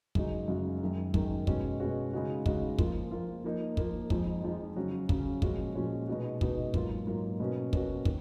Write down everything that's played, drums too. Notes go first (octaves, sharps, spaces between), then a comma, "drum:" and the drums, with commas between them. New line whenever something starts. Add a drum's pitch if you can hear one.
F#2 C#3 G#3 D#4 F#4, drum: kick
F#2 C#3 G#3 D#4 F#4
F#2 D#3 G#3
F#2 D#3 G#3, drum: kick
B2 G#3 C#4 F#4, drum: kick
B2 G#3 C#4 F#4
C#3 G#3 D#4 F#4
C#3 G#3 D#4 F#4, drum: kick
F3 A#3 F4, drum: kick
F3 A#3 F4
F3 A#3 D#4
F3 A#3 D#4, drum: kick
F2 F3 G#3 D#4, drum: kick
F2 F3 G#3 D#4
C#3 F#3 C#4 F#4
C#3 F#3 C#4 F#4, drum: kick
A#2 F3 G#3 C#4 F#4, drum: kick
A#2 F3 G#3 C#4 F#4
B2 G#3 D#4 F#4
B2 G#3 D#4 F#4, drum: kick
G#2 F#3 A#3 F4, drum: kick
G#2 F#3 A#3 F4
B2 A#3 C#4 F#4
B2 A#3 C#4 F#4, drum: kick
D#3, drum: kick